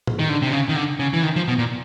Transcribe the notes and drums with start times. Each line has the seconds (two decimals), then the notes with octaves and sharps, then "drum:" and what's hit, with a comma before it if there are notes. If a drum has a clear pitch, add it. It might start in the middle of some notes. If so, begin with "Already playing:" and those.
0.07 drum: tom A2
0.19 D#3
0.29 D3
0.42 C3
0.52 C#3
0.69 D#3
0.76 D3
0.99 C#3
1.13 E3
1.23 D#3
1.36 F3
1.48 B2
1.59 A#2